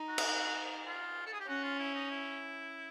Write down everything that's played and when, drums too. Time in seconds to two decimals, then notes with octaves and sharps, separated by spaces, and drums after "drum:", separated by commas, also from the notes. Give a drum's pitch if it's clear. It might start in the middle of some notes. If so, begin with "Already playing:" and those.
Already playing: D#4
0.08 F#4
0.18 drum: cymbal
0.86 F4
1.26 A4
1.33 G#4
1.40 G4
1.47 C#4 F#4
1.64 F4
1.79 E4
1.95 D#4
2.10 E4